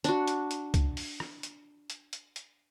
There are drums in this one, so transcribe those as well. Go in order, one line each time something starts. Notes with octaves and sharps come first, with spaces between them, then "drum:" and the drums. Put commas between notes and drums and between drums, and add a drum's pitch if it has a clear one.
D4 F#4, drum: hi-hat
drum: hi-hat
drum: hi-hat
drum: kick, hi-hat
drum: open hi-hat
drum: rim click
drum: hi-hat
drum: hi-hat
drum: hi-hat
drum: hi-hat